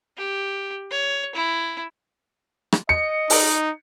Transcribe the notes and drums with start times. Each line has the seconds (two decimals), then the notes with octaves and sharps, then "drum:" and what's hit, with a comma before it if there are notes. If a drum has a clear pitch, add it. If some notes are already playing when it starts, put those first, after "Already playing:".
0.17 G4
0.91 C#5
1.35 E4
2.72 drum: rim click
2.89 D#5 C#7
3.30 D#4, drum: open hi-hat